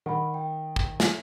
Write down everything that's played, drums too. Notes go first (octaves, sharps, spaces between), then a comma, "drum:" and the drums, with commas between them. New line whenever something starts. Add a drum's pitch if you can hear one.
D#3 F#5 B5
G5
drum: kick
drum: snare